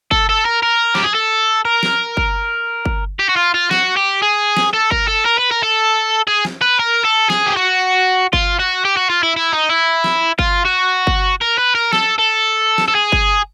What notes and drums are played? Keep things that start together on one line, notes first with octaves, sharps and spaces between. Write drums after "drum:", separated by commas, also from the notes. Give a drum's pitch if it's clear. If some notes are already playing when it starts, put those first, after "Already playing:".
A4, drum: kick G1
A4
A#4
A#4
G4, drum: snare
G#4
A4
A#4
drum: snare
drum: kick G1
drum: kick G1
G4
F#4
F4
F4
F#4, drum: snare
G4
G#4
drum: snare
A4
A#4, drum: kick G1
A4
A#4
B4
A#4
A4
G#4
drum: snare
B4
A#4
A4
G#4, drum: snare
G4
F#4
F4, drum: kick G1
F#4
G4
F#4
F4
E4
E4
D#4
E4
drum: snare
F4, drum: kick G1
F#4
drum: kick G1
A#4
B4
A#4
A4, drum: snare
A4
drum: snare
A4
G#4
drum: kick G1